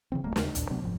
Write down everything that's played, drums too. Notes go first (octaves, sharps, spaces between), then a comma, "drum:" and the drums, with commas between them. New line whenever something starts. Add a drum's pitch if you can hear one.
C#3 E3 C4
D1 G3 A3 A#3
D#2 C#3 G#3, drum: snare
A1 D#2 A#2 D4, drum: hi-hat
C3 F#3 B3 D4
F1 G#2 F3